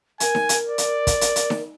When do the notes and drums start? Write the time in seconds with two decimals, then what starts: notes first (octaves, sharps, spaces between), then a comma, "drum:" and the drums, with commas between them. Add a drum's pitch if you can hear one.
0.20 A#4 G#5, drum: hi-hat
0.35 drum: snare D#4
0.49 drum: hi-hat
0.68 D5
0.78 drum: hi-hat
1.07 drum: kick, hi-hat
1.21 drum: hi-hat
1.36 drum: hi-hat
1.50 drum: snare D#4